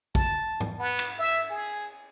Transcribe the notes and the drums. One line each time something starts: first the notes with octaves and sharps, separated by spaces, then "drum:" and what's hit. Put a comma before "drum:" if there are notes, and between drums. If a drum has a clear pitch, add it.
A5, drum: kick
drum: tom G#2
B3
drum: cymbal
E5
G#4